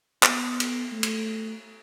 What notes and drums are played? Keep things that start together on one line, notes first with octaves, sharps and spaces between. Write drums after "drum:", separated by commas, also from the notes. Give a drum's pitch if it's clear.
B3, drum: clap
drum: cymbal
A3
drum: cymbal